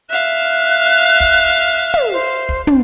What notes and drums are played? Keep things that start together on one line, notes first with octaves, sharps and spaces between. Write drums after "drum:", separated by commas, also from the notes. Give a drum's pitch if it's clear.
E5 F5 F#6
drum: kick
drum: tom
C5
drum: kick
drum: tom